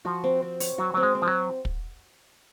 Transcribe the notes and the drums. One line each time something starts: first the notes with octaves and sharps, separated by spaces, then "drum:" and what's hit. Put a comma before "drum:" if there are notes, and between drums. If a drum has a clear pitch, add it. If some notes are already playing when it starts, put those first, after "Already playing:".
F3 F#4
C4
C4
C#5, drum: open hi-hat
F#3 F#4
F#3 C4
G#3
C4
F3
F#3
drum: kick